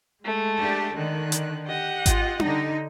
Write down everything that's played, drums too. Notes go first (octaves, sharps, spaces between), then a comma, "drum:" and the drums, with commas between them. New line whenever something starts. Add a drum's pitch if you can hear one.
G#3 A3 A4
D4 G4
D3 D#3 F#6
drum: hi-hat
G4 D#5 F#5
F4, drum: kick G#1, hi-hat
D3 D#4, drum: tom D4